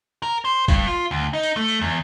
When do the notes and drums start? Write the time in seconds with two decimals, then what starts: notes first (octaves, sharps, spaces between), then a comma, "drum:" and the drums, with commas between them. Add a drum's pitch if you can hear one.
0.22 A#4
0.45 C5
0.68 G2, drum: kick A1, tambourine
0.87 F4
1.11 D2
1.33 D#4
1.43 drum: tambourine
1.57 A3
1.68 drum: tambourine
1.81 E2